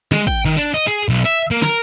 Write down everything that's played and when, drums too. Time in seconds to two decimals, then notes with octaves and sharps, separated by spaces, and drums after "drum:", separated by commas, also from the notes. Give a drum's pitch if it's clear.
0.12 G#3, drum: snare
0.27 G5, drum: kick
0.45 D#3
0.57 D4
0.74 D#5
0.87 G#4
1.09 B1
1.25 E5
1.51 A#3
1.62 A#4, drum: snare